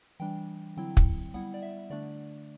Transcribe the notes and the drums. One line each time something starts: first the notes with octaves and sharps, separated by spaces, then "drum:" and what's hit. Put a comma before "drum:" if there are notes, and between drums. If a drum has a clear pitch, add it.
E3 G3 D4 G5
D3 F#3 C4 E4 G5
drum: kick
G3 B3 E4 F#5
D5
E5
D3 A3 D4 D5